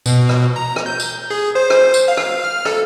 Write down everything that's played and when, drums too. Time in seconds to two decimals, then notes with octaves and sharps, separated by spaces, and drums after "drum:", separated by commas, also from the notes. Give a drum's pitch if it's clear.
0.06 B2, drum: tambourine
0.29 drum: rim click
0.56 A#5
0.76 drum: rim click
0.86 G6
1.00 drum: tambourine
1.30 G#4
1.55 C5
1.70 drum: rim click
1.94 drum: tambourine
2.08 F5
2.17 drum: rim click
2.44 F6
2.65 A4, drum: rim click